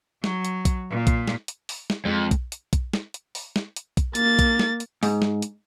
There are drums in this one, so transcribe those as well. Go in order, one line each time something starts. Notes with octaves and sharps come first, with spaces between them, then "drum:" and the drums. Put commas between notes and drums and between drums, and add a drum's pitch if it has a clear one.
F#3, drum: snare
drum: hi-hat
drum: kick, hi-hat
A#2
drum: kick, hi-hat
drum: snare
drum: hi-hat
drum: open hi-hat
drum: snare
F2 G#3
drum: kick, hi-hat
drum: hi-hat
drum: kick, hi-hat
drum: snare
drum: hi-hat
drum: open hi-hat
drum: snare
drum: hi-hat
drum: kick, hi-hat
A#3 A6, drum: hi-hat
drum: kick, hi-hat
drum: snare
drum: hi-hat
G#2, drum: open hi-hat
drum: snare
drum: hi-hat